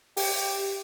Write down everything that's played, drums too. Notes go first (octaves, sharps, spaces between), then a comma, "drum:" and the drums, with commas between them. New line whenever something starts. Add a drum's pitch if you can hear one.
G4, drum: open hi-hat